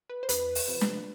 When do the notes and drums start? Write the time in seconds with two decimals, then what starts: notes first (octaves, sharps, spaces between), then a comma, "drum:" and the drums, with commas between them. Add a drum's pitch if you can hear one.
0.09 B4
0.23 C5
0.29 E2 B4, drum: hi-hat
0.55 drum: open hi-hat
0.68 C3 F3
0.81 drum: snare